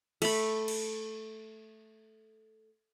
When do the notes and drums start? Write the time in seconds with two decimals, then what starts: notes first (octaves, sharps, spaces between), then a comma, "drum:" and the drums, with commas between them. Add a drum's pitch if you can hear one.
0.22 A3 B5, drum: cymbal
0.68 drum: cymbal